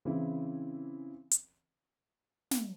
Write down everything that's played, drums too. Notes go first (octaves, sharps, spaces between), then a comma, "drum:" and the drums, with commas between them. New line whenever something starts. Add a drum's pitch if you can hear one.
C#3 E3 C4 E4
drum: hi-hat
drum: snare